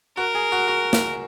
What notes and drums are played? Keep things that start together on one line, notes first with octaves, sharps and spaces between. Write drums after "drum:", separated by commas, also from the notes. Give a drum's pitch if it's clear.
F#4 A#4
G#4
F#4
F#4
drum: snare